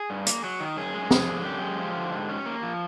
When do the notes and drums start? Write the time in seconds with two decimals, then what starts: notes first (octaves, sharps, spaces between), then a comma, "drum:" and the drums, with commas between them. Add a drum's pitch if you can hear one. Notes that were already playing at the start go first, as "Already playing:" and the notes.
Already playing: G#4
0.10 G2
0.26 A#3, drum: hi-hat
0.44 F#3
0.60 D#3
0.77 F#2 G#4
0.94 G#3
1.11 F3 G#4, drum: snare
1.28 D3
1.45 F#2 G4
1.61 G#3
1.78 F3
1.95 D3
2.12 G#2
2.29 C#4
2.46 A#3
2.63 F3